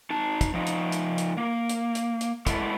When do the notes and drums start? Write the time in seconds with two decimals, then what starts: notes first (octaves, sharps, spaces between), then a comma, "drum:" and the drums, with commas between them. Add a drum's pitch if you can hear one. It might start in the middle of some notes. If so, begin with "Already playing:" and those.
0.10 D#4 A5
0.41 drum: kick, hi-hat
0.54 F3 D#4
0.67 drum: hi-hat
0.92 drum: hi-hat
1.18 drum: hi-hat
1.37 A#3
1.69 drum: hi-hat
1.95 drum: hi-hat
2.21 drum: hi-hat
2.47 G#3 A3 B3 D4 E4 A4, drum: kick, hi-hat